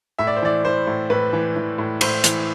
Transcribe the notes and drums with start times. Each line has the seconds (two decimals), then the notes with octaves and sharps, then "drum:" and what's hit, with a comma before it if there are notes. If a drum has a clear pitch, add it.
0.19 A2 E5
0.27 D5
0.36 C5
0.42 E3 D5
0.64 E3 C5
0.87 A2
1.10 A2 B4
1.33 E3
1.56 E3
1.78 A2
2.01 A2 C5, drum: cymbal
2.24 E3, drum: hi-hat